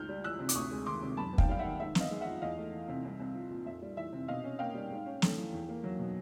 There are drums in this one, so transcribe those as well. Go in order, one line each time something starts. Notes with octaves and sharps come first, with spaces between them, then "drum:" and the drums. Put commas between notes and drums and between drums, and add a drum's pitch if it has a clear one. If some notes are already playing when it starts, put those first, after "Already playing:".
Already playing: C#2 F6 G6
G3
E3 E6 F#6
C3
D6, drum: hi-hat
D2 C#6 D#6
G#3
D#3 C6 D6
C3
F#2 A5 B5
B3
F5 G5, drum: kick
G3 F5
E5 F#5
D#3
G#2 E5
B3, drum: snare
D#5 F5
G#3
E5 F#5
F3
E2 D#5 F5
A3
E3
C3
C2
C2
F3
A#2
F2 E5
G3
E3 E5
C3
B2 D#5 F5
C#4
A#3 F5 G5
G3
G#2
C#4
A3, drum: snare
E3
E2
A#3
F#3
B2